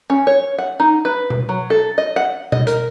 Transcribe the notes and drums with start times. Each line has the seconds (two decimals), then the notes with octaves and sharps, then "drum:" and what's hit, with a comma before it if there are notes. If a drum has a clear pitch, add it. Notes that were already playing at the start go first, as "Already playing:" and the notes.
0.10 C#4
0.27 C#5
0.58 F#5
0.80 D#4
1.05 B4
1.30 drum: tom B2
1.49 F#3
1.70 A4
1.98 D#5
2.16 F#5
2.52 D#5, drum: tom B2
2.67 A#4, drum: hi-hat